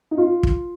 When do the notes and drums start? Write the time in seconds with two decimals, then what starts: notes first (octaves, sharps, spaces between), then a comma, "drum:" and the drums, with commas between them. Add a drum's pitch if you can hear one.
0.11 D#4
0.18 F4
0.43 drum: kick